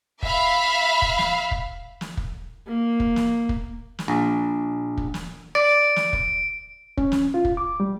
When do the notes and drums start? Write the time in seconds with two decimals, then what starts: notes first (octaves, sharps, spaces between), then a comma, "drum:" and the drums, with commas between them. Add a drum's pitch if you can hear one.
0.23 E5 F5 B5, drum: kick
1.02 drum: kick
1.18 drum: snare
1.51 drum: kick
2.01 drum: snare
2.17 drum: kick
2.67 A#3
3.00 drum: kick
3.16 drum: snare
3.49 drum: kick
3.99 drum: snare
4.08 A#1
4.97 drum: kick
5.14 drum: snare
5.55 D5 D7
5.96 drum: snare
6.13 drum: kick
6.97 C#4, drum: kick
7.12 drum: snare
7.34 F4
7.45 drum: kick
7.57 D6
7.80 G3